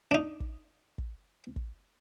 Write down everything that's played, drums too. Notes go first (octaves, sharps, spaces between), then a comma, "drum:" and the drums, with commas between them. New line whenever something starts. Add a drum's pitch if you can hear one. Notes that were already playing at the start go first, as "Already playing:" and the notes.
D4 D#4
drum: kick
drum: kick
drum: kick